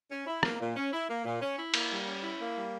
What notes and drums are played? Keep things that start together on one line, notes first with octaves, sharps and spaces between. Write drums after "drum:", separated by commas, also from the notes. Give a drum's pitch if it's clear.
C#4
E4
A#3, drum: rim click
A#2
C#4
E4
A#3
A#2
C#4
E4
A#3, drum: cymbal
G3
C#4
E4
A#3
G3